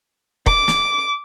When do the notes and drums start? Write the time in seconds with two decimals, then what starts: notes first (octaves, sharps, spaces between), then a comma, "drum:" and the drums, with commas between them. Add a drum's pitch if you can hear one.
0.46 D6, drum: kick
0.68 drum: snare